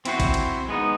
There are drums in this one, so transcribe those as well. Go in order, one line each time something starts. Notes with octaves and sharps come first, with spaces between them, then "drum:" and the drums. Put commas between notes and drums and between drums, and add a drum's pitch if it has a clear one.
C4 E4 F#4 C5, drum: cymbal
drum: kick A1, cymbal
drum: cymbal
G#3 B3 D#4